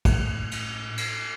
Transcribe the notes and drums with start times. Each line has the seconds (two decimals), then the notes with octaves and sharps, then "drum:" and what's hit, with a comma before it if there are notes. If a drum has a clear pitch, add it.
0.05 A2, drum: kick, cymbal
0.51 drum: cymbal
0.98 drum: cymbal